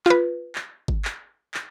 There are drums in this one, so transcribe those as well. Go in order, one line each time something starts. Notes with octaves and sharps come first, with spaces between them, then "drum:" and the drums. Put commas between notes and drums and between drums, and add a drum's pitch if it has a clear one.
F4 B4, drum: clap
drum: clap
drum: kick G1
drum: clap
drum: clap